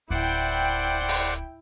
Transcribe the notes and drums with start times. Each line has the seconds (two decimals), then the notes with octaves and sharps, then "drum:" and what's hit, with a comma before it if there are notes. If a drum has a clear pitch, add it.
0.10 D1 E4 C5 D5 F#5 G5
1.09 drum: open hi-hat